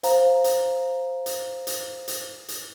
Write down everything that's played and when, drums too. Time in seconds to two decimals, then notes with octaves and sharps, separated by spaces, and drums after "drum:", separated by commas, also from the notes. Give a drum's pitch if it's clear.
0.03 C5 F5 A#5, drum: hi-hat
0.44 drum: hi-hat
1.26 drum: hi-hat
1.67 drum: hi-hat
2.08 drum: hi-hat
2.48 drum: hi-hat